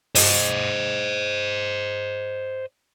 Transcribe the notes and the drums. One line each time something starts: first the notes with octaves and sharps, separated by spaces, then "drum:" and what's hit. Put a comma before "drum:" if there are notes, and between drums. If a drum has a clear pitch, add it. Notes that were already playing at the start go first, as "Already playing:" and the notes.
C5 D#5, drum: open hi-hat